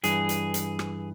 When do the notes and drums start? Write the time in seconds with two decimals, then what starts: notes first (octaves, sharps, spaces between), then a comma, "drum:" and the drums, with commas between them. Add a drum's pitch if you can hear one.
0.04 G2 E3 G#4, drum: hi-hat
0.29 drum: hi-hat
0.54 drum: hi-hat
0.79 drum: rim click